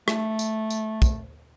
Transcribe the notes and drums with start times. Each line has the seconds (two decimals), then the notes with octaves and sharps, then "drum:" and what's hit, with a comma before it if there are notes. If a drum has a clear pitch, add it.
0.08 A3, drum: rim click
0.39 drum: tambourine
0.70 drum: tambourine
1.02 drum: kick, tambourine